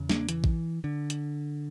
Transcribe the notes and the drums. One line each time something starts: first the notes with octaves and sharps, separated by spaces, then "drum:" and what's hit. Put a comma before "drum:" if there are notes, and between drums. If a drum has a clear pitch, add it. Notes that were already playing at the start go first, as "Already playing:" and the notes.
Already playing: E2 C#3
A#3 D4, drum: snare
E3, drum: hi-hat
drum: kick A1
D3
drum: hi-hat